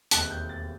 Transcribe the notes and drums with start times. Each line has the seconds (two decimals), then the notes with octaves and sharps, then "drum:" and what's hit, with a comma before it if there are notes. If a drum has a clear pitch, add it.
0.11 E1 D#2 D#3 A3 C4 F#6, drum: hi-hat
0.31 G6
0.49 A6